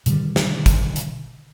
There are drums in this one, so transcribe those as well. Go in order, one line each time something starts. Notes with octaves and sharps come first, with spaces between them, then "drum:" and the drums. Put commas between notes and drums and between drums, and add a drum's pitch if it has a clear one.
B2 D3 D#3 G3, drum: hi-hat
drum: snare
drum: kick G#1, hi-hat
drum: hi-hat